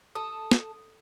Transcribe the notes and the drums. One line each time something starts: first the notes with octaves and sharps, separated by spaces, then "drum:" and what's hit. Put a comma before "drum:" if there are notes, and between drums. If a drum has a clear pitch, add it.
A4 D#6
drum: snare